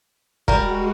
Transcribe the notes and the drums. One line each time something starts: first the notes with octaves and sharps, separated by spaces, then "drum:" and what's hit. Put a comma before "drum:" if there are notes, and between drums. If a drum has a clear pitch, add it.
G3 G#3 F#4 A#4, drum: kick